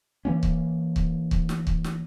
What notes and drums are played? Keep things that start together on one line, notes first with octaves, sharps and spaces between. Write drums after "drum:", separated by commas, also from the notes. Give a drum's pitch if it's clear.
E3 A#3 C#4
drum: kick C#1
drum: kick C#1
drum: kick C#1
drum: snare
drum: kick C#1
drum: snare